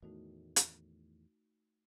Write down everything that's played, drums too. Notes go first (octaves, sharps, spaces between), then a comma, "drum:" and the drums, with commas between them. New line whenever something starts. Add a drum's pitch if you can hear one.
E2 A2 D#3 A3 D#4 F#4
drum: hi-hat